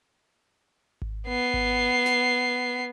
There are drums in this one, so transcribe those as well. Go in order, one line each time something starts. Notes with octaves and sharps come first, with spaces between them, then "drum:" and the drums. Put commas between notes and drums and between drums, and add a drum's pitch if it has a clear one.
drum: kick G#1
B3 C7
drum: kick G#1
drum: snare